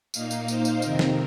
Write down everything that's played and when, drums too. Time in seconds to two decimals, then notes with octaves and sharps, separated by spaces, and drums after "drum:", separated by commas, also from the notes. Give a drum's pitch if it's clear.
0.14 A#2 A#3 D#4 F5, drum: tambourine
0.31 drum: tambourine
0.48 C5, drum: tambourine
0.65 drum: tambourine
0.82 F2 C3 D#3 C4 A#4, drum: tambourine
0.99 drum: snare